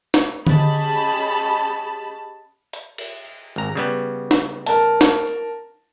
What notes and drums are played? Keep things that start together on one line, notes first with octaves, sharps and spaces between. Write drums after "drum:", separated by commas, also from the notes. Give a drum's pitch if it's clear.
drum: snare
C#4 G4 G#4 D#5 A5 B5, drum: tom D3
drum: hi-hat
drum: cymbal
drum: tambourine
G#1 A#5
C#3 G3 B3
drum: snare
A#4 A5, drum: hi-hat
drum: snare
drum: tambourine